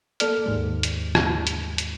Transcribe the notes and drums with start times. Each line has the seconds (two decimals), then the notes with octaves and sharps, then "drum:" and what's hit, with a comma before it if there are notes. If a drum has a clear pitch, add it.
0.20 A#3 A4 D5 F6, drum: hi-hat
0.46 D#2 G#2 G#3
0.83 drum: hi-hat
1.15 drum: rim click
1.47 drum: hi-hat
1.78 drum: hi-hat